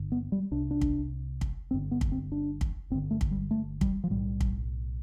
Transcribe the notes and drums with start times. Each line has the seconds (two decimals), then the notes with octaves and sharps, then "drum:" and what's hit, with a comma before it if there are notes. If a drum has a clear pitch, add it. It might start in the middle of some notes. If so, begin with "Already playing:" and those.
Already playing: G1 G2 D3
0.12 B3
0.32 G3
0.51 C2 C3 D4
0.71 D4
0.81 drum: kick
1.41 drum: kick
1.71 G1 G2 D3 C4
1.91 B3
2.01 drum: kick
2.12 C4
2.32 D4
2.61 drum: kick
2.90 G1 G2 D3 C4
3.11 A3
3.21 drum: kick
3.31 G3
3.51 A3
3.81 G3, drum: kick
4.04 F3
4.10 B1 A2 G3
4.41 drum: kick